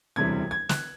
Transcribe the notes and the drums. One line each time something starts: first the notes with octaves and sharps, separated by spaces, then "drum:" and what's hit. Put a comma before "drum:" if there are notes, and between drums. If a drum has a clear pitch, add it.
E1 D2 C3 E3 G3 G#6
G#6
F#6, drum: snare